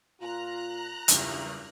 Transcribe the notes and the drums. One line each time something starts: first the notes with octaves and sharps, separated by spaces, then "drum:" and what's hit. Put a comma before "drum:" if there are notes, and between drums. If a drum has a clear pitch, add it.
A#2 F4 A#5 F#6
F#1 E2 G2 E4 F4 G4, drum: hi-hat